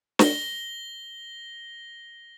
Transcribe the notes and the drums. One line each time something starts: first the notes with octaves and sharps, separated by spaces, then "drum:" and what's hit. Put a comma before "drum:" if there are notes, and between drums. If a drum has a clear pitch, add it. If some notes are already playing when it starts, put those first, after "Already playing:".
A#6 G7, drum: snare